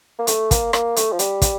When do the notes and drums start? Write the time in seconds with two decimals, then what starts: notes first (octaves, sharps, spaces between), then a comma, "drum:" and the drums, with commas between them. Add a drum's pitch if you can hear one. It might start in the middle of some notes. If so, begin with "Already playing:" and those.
0.19 A#3
0.27 A3, drum: hi-hat
0.51 A#3, drum: kick, hi-hat
0.73 A#3, drum: rim click
0.96 A3, drum: hi-hat
1.12 F3
1.19 G3, drum: hi-hat
1.42 drum: kick, hi-hat